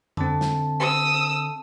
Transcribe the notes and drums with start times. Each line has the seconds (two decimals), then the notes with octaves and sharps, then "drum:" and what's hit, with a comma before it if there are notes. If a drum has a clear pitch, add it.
0.17 D3 C4 A4 A5, drum: tom F2
0.41 drum: snare
0.80 D#6 E6